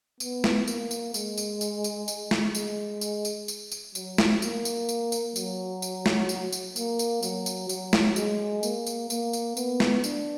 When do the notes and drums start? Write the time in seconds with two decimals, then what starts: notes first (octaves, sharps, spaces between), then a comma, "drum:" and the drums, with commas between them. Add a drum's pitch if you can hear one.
0.20 B3, drum: tambourine
0.44 drum: snare
0.68 A#3, drum: tambourine
0.91 drum: tambourine
1.14 G#3, drum: tambourine
1.38 drum: tambourine
1.61 drum: tambourine
1.84 drum: tambourine
2.08 drum: tambourine
2.31 drum: snare
2.55 G#3, drum: tambourine
3.01 drum: tambourine
3.25 drum: tambourine
3.48 drum: tambourine
3.72 drum: tambourine
3.95 F#3, drum: tambourine
4.18 drum: snare
4.42 A#3, drum: tambourine
4.65 drum: tambourine
4.89 drum: tambourine
5.12 drum: tambourine
5.36 F#3, drum: tambourine
5.82 drum: tambourine
6.06 drum: snare
6.29 drum: tambourine
6.52 drum: tambourine
6.76 A#3, drum: tambourine
6.99 drum: tambourine
7.23 F#3, drum: tambourine
7.46 drum: tambourine
7.69 F#3, drum: tambourine
7.93 drum: snare
8.16 G#3, drum: tambourine
8.63 A#3, drum: tambourine
8.87 drum: tambourine
9.10 A#3, drum: tambourine
9.33 drum: tambourine
9.57 B3, drum: tambourine
9.80 drum: snare
10.04 D4, drum: tambourine